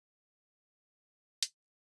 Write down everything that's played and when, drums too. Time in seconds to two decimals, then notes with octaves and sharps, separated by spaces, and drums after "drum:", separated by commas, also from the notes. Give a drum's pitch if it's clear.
0.01 A#5
0.18 G3
0.30 C#5
0.42 D#6
0.58 D#4
0.82 A#5
1.01 G#5
1.14 D3
1.28 C#5
1.43 D3, drum: hi-hat
1.55 D3
1.69 A#5